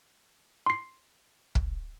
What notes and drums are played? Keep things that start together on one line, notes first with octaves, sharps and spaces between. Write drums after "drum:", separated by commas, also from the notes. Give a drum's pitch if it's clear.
C6 C7
drum: kick